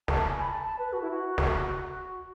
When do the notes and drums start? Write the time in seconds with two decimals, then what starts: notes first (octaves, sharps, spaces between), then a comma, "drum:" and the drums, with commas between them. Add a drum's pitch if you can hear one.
0.08 A5, drum: snare
0.29 G#5
0.40 B5
0.48 A5
0.63 A5
0.79 B4
0.93 F#4
1.01 E4
1.11 F#4
1.38 drum: snare